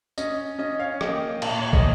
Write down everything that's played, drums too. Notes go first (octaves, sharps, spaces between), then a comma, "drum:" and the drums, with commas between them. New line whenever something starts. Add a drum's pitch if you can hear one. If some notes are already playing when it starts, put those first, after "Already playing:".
C#4 D#5, drum: tambourine
C#4 D#5
C#5 F5
A#3 D#5 G5, drum: rim click
A#2, drum: cymbal
C#5
D#5, drum: kick